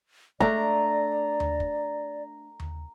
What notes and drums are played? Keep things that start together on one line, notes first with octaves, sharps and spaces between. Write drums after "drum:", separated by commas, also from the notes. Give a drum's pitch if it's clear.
A3 D4 D5 A#5, drum: kick
drum: tom D#2
drum: kick
drum: tom D#2